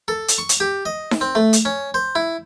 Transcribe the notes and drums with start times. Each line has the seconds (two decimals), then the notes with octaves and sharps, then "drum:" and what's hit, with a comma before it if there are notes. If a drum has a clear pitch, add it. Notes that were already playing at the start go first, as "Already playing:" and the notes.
0.08 A4
0.28 drum: hi-hat
0.38 C#6
0.49 drum: hi-hat
0.60 G4
0.86 D#5
1.11 drum: snare D#4
1.21 C4
1.35 A3
1.53 drum: hi-hat
1.65 C#4
1.94 C5
2.15 E4